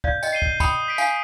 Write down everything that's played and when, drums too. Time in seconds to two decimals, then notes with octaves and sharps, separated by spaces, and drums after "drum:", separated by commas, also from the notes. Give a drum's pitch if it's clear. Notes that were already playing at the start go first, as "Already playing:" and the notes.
0.04 D5 F5 G6, drum: kick
0.23 D#5 G5, drum: tambourine
0.33 C7 D#7 G7
0.42 drum: kick
0.60 G5 B5 D#6, drum: kick, tambourine
0.88 B6 D7
0.98 F5 G#5, drum: tambourine